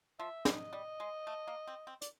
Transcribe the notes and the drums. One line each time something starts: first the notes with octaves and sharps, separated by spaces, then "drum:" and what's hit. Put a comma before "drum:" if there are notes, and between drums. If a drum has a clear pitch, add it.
F3 E5
G3 D#5, drum: snare
G3
G#3
A3
A#3
C4
C4
D5, drum: hi-hat